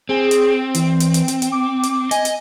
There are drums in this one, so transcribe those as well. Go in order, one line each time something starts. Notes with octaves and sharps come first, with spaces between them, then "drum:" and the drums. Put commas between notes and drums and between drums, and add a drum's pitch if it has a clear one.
C4 G#4
drum: hi-hat
E3, drum: hi-hat
drum: hi-hat
drum: hi-hat
drum: hi-hat
drum: hi-hat
D6
drum: hi-hat
D#5 G#5, drum: hi-hat
drum: hi-hat